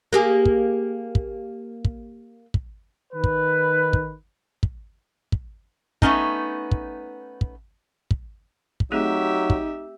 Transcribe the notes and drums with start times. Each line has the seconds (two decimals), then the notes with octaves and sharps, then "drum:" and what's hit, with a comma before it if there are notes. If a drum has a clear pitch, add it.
0.13 A#3 G4 G#4
0.45 drum: kick
1.15 drum: kick
1.85 drum: kick
2.54 drum: kick
3.13 D#3 B4
3.24 drum: kick
3.93 drum: kick
4.63 drum: kick
5.32 drum: kick
6.02 A3 B3 C#4 D#4, drum: kick
6.71 drum: kick
7.41 drum: kick
8.11 drum: kick
8.80 drum: kick
8.92 F#3 A3 C4 D#4 G4 G#4 E5
9.50 drum: kick